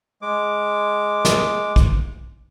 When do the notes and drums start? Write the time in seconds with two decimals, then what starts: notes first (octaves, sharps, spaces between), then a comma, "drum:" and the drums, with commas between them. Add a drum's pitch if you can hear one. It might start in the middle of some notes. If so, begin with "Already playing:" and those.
0.22 G#3 D6
1.25 drum: snare
1.76 drum: kick A#1